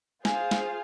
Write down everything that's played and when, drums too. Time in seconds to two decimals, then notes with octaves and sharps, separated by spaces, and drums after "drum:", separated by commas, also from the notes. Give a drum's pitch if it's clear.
0.25 F4 G#4 C5 F5 G#5, drum: snare
0.51 drum: snare